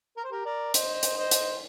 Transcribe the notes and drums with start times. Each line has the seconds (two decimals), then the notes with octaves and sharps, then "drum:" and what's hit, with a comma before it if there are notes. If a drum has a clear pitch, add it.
0.17 A#4
0.24 C5
0.31 G4 A#4
0.45 A#4 D5
0.74 C5 D#5, drum: hi-hat
1.03 drum: hi-hat
1.17 C5 D#5
1.31 drum: hi-hat